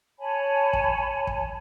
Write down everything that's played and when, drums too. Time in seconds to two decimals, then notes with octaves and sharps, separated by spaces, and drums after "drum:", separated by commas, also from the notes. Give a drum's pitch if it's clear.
0.19 C#5 G#5 A5 B5
0.73 drum: kick
1.27 drum: kick